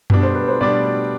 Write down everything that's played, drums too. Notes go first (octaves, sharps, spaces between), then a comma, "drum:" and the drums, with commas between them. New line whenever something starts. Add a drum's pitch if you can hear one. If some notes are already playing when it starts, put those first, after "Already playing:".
B2 G3 D4, drum: tom F#2
C5
B4
C5
B2 G3 D4 D5